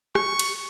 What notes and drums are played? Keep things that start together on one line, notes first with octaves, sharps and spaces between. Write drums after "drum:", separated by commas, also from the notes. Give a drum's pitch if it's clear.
C#6, drum: rim click
drum: cymbal